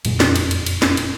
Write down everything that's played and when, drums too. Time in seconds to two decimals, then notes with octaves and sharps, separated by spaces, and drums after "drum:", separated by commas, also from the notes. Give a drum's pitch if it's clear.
0.05 F#1 F2 A#2 G#3, drum: cymbal
0.20 drum: snare
0.36 drum: cymbal
0.51 drum: cymbal
0.66 drum: cymbal
0.82 drum: snare
0.97 drum: cymbal